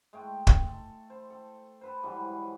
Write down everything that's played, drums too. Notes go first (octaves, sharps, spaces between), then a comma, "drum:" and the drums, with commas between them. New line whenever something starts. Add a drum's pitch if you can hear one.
G#3 A3 G5
drum: kick
A4
C5
A4
A4 B4 C5
G#2 E3 F#3 G3